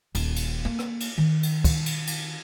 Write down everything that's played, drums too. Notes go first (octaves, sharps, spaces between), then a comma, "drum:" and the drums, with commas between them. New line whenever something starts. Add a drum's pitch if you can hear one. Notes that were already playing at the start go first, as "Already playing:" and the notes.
D#1, drum: cymbal
drum: cymbal
A#3
drum: rim click
drum: cymbal
D#3
drum: cymbal
drum: kick, cymbal
drum: cymbal
drum: cymbal